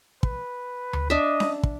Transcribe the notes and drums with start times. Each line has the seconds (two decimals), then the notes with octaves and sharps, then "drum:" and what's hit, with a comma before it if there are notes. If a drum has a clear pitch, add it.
0.23 B4, drum: kick
0.93 drum: tom D2
1.10 D4 D#5 E5
1.40 drum: snare C#4
1.63 drum: kick